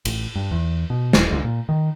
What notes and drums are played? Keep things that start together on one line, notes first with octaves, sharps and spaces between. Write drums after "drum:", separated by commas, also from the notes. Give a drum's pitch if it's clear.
A1, drum: cymbal
G2
E2
B2
D#1, drum: snare
C#2
A#2
D#3